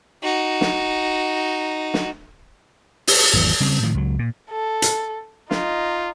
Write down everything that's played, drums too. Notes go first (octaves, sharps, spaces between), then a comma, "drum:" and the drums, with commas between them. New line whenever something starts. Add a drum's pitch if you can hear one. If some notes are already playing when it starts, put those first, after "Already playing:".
D#4 F#4
drum: snare
drum: snare
drum: open hi-hat
G#1 E2 E3 F#3
C#3 G3 C4
A2 D#3 F3
C#2 F#3
A#2
A4
drum: hi-hat
D#4 F4, drum: snare